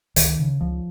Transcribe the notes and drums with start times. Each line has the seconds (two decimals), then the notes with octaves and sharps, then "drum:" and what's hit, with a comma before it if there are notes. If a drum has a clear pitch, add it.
0.16 C#2 D#3, drum: hi-hat
0.39 C#3
0.61 C#2 F3